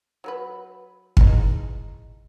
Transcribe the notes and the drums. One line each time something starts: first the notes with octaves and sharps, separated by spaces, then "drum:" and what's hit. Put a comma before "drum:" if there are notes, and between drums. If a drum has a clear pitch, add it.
F#3 A#4 B4
E3 G#3 D#4, drum: kick